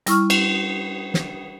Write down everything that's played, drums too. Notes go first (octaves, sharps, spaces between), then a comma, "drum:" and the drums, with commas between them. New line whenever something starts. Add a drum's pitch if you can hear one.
G3 E4 C#6 F6, drum: hi-hat
drum: cymbal
drum: snare